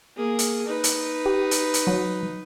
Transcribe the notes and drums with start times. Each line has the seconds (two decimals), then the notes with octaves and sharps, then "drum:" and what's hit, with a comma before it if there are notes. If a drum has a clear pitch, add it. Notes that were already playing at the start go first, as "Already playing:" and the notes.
0.16 A#3 G#4
0.39 drum: hi-hat
0.66 D#4 B4
0.84 drum: hi-hat
1.26 G4
1.51 drum: hi-hat
1.74 drum: hi-hat
1.87 F#3